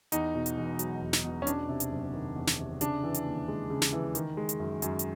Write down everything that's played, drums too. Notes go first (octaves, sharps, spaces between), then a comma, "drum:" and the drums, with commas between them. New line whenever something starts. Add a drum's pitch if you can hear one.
E2 D#4, drum: hi-hat
B2
drum: hi-hat
E1
F#3, drum: hi-hat
E2
drum: snare
B2
C#4
E2 D4, drum: hi-hat
C3
drum: hi-hat
F#1
D#3
E2
drum: snare
C3
C#3 D4, drum: hi-hat
E3
drum: hi-hat
D#2
G#3
C#3
drum: snare
E3
D#3, drum: hi-hat
G#3
drum: hi-hat
F#2
F#2, drum: hi-hat
drum: hi-hat